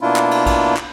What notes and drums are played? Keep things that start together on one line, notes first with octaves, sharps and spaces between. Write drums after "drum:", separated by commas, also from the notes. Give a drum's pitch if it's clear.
B2 A#3 D4 E4 F4
drum: clap
drum: cymbal
drum: kick A#1, cymbal
drum: clap